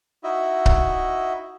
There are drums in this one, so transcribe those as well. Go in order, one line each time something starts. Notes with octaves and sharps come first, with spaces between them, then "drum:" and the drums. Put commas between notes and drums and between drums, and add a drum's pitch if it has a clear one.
D#4 E4 F#4 D#5 E5
drum: kick C#1